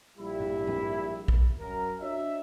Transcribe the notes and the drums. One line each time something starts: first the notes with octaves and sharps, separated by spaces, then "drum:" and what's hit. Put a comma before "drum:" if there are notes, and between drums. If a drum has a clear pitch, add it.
A#1 G3 E4
drum: tom
drum: tom
drum: kick A#1
F#2 A#4
D4 F#4 C#5 D#5 E5